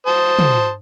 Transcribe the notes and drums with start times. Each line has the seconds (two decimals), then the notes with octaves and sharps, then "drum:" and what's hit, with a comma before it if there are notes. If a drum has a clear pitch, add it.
0.07 C5 A5 D#6
0.39 drum: tom